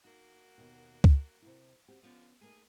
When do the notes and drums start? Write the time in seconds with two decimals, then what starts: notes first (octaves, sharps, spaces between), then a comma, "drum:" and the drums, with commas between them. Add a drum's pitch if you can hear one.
0.05 A#3 D#4 F#4
0.58 D#2 B2 D#4
1.04 drum: kick C#2
1.42 C3 E4
1.88 C4 F#4 G4
2.03 D3 F3 B3 C#4
2.41 A3 A#3 D#4 G#4